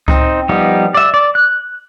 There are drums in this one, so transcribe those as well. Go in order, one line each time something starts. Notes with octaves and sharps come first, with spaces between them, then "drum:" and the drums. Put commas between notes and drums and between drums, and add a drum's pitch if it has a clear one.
C4 D#4, drum: kick C#2
F3 G3 B3 D#4
D5 E5
D5
F#6